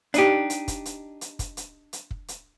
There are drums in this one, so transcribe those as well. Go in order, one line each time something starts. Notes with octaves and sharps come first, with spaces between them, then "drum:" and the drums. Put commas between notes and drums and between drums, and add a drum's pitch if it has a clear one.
D4 D#4 G4, drum: hi-hat
drum: hi-hat
drum: kick, hi-hat
drum: hi-hat
drum: hi-hat
drum: kick, hi-hat
drum: hi-hat
drum: hi-hat
drum: kick
drum: hi-hat